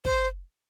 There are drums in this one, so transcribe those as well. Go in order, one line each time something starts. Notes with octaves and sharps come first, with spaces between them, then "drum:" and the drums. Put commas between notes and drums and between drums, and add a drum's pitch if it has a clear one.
C5, drum: kick